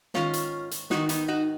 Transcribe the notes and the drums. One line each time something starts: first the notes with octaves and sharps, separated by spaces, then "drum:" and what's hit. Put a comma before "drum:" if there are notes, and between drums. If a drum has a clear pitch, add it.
G#2 D#3 C#4 F4, drum: snare
drum: hi-hat
drum: hi-hat
G#2 D#3 D#4 F#4, drum: snare
B3 D#4, drum: hi-hat
D#4 F#4